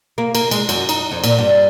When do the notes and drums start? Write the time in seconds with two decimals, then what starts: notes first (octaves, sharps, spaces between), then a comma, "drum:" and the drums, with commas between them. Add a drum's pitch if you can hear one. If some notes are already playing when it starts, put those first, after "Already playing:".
0.18 A#3
0.35 A#3, drum: cymbal
0.51 G#3, drum: cymbal
0.69 F#2, drum: cymbal
0.89 D#4, drum: cymbal
1.11 F2
1.24 A#2, drum: cymbal
1.38 G2